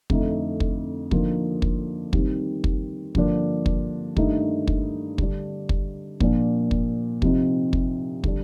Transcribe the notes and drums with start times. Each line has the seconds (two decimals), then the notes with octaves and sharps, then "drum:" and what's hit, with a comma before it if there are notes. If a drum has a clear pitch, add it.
0.10 F2 D3 A3 D#4, drum: kick
0.60 drum: kick
1.11 D3 F3 A#3 D#4, drum: kick
1.62 drum: kick
2.13 D#3 G3 C4, drum: kick
2.64 drum: kick
3.15 G2 D3 F3 A#3 D4, drum: kick
3.66 drum: kick
4.17 G2 D#3 A3 D#4, drum: kick
4.67 drum: kick
5.18 D3 G3 D4, drum: kick
5.69 drum: kick
6.20 A#2 F3 A#3 D4, drum: kick
6.71 drum: kick
7.22 C3 F3 C4 D#4, drum: kick
7.73 drum: kick
8.24 D3 G3 D4, drum: kick